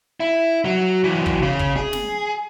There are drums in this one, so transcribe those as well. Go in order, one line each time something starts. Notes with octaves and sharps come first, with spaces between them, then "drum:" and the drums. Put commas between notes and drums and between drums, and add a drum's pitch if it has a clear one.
E4
F#3
E3 F#3
drum: kick
C#3
drum: kick
G#4
drum: snare